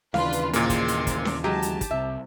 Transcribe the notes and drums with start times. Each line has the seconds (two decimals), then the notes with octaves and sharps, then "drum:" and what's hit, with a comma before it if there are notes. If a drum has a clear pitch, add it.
0.14 D#2 C#3 E3 D4 F4 B4 F5, drum: snare C#4
0.33 drum: hi-hat
0.53 A#2 A#3 C4 G#4 D#5 C6, drum: hi-hat
0.70 drum: kick, hi-hat
0.88 drum: hi-hat
1.07 drum: kick, hi-hat
1.25 drum: snare C#4
1.44 F#3 G#3 G4 A5
1.62 drum: hi-hat
1.81 drum: kick, hi-hat
1.91 C2 C3 E5